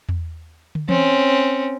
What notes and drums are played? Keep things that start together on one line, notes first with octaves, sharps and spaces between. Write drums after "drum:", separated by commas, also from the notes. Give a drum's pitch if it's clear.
drum: tom E2
drum: tom
C4 C#4, drum: tom E3